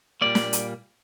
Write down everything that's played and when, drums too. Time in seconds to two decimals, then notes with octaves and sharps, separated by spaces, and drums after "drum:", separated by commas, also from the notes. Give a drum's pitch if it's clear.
0.21 A#2 G3 A#3 D5
0.35 drum: snare
0.53 drum: hi-hat